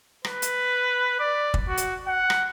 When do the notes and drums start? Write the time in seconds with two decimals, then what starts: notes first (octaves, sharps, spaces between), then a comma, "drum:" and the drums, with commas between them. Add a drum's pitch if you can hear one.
0.25 B4, drum: rim click
0.42 drum: hi-hat
1.19 D5
1.54 drum: kick
1.68 F#4
1.78 drum: hi-hat
2.07 F#5
2.30 drum: rim click